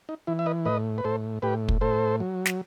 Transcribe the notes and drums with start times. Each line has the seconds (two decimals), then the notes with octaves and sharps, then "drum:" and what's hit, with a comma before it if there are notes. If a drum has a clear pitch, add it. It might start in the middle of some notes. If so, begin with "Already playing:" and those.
0.09 D#4
0.27 E3 E4
0.39 E5
0.46 B4 D#5
0.65 A2 B4 D#5
0.98 B4
1.04 A2 A4 C5
1.42 A2 G4 B4
1.69 drum: kick
1.81 A2 A4 C5
2.20 F#3
2.45 drum: snare